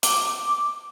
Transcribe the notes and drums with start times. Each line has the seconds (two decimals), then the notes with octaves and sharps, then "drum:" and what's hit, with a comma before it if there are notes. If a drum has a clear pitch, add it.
0.03 D6, drum: hi-hat